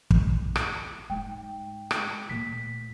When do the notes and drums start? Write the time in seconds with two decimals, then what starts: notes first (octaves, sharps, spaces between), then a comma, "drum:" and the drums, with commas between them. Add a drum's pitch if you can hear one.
0.11 G#1, drum: kick
0.56 drum: rim click
1.10 G#2 G#3 G5
1.91 drum: rim click
2.29 D2 A#2 B6